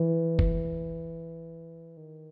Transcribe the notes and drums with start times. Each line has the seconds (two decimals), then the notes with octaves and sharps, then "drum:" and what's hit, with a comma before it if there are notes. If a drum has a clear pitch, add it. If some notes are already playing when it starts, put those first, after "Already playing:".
Already playing: E3
0.39 drum: kick
1.97 D#3